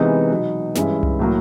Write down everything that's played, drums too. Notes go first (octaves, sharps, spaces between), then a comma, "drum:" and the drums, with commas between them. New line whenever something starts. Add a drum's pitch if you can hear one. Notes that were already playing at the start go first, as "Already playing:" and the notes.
Already playing: C3 E3 G#3 B3 D#4
B2 F#3 B3 D#4
G2 E3 G#3 C#4 E4, drum: snare
drum: tom C2
A2 F#3 A#3